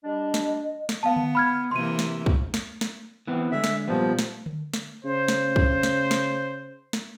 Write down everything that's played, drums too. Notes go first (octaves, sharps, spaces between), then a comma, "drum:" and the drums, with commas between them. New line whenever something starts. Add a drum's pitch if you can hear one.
G3 D4 D#5
drum: snare
drum: snare
B3 F5 A5
drum: tom D3
B5 F6 G#6
C3 E3 A#3 C6 D#7
drum: snare
drum: kick
drum: snare
drum: snare
E3 B3 C4
D3 G#3 E5
drum: snare
A#2 F3 G3 B3
drum: snare
drum: tom D3
drum: snare
C#3 C5
drum: snare
drum: kick
drum: snare
drum: snare
drum: snare